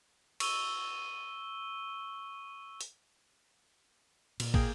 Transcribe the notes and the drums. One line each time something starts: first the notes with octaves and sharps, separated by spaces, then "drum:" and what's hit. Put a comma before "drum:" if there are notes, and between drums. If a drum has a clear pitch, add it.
C#6 E6 D#7 G7, drum: cymbal
drum: open hi-hat
A#2, drum: cymbal
A#3 G#4 G5, drum: kick